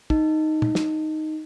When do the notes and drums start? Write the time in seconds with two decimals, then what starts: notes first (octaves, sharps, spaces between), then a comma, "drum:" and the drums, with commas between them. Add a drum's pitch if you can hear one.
0.10 D#4, drum: kick
0.62 drum: tom
0.75 drum: snare